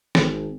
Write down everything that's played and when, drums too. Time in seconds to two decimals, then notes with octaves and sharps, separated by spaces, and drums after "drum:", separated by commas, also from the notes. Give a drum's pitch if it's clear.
0.15 G#1, drum: snare